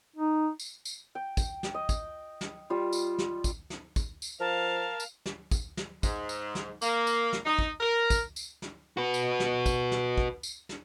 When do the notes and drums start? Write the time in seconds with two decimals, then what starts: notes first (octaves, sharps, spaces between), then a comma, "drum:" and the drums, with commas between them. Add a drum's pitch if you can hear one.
0.16 D#4
0.60 drum: tambourine
0.85 drum: tambourine
1.15 G5
1.37 drum: kick, tambourine
1.63 drum: snare
1.74 D#5
1.89 drum: kick, tambourine
2.41 drum: snare
2.70 G3 F4
2.93 drum: tambourine
3.18 drum: snare
3.44 drum: kick, tambourine
3.70 drum: snare
3.96 drum: kick, tambourine
4.22 drum: tambourine
4.40 F3 A#4 F5 A5
5.00 drum: tambourine
5.26 drum: snare
5.51 drum: kick, tambourine
5.77 drum: snare
6.03 G#2, drum: kick, tambourine
6.29 drum: tambourine
6.55 drum: snare
6.82 A#3, drum: tambourine
7.07 drum: tambourine
7.33 drum: snare
7.46 D#4
7.59 drum: kick
7.80 A#4
8.10 drum: kick, tambourine
8.36 drum: tambourine
8.62 drum: snare
8.97 F#4 B4
9.14 drum: tambourine
9.40 drum: snare
9.66 drum: kick, tambourine
9.92 drum: snare
10.17 drum: kick
10.43 drum: tambourine
10.69 drum: snare